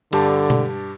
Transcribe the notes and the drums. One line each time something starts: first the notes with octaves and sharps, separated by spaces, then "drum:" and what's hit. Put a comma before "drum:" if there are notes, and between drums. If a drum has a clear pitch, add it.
G2 D3 G4 A5, drum: cymbal
drum: tom B2